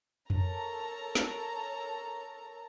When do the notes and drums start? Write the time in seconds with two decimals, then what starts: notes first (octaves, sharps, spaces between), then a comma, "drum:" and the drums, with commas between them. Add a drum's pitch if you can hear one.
0.30 A4 A#4 C#5 A5 A#5, drum: tom F2
1.15 drum: snare